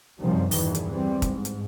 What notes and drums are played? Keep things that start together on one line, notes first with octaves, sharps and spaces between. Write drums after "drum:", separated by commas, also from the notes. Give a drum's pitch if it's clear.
F#2 C3 D#3 F3 G3
E2 G2 B2 D#3 E3, drum: open hi-hat
drum: hi-hat
E3 G3 C4
G#2, drum: kick, hi-hat
drum: hi-hat